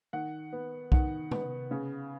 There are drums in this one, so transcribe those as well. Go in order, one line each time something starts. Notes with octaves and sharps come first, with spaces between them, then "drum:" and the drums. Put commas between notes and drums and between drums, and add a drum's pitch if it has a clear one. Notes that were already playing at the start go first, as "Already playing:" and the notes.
D#3 F#5
B3
D#3 F#5, drum: kick
B3, drum: tom C3
C#3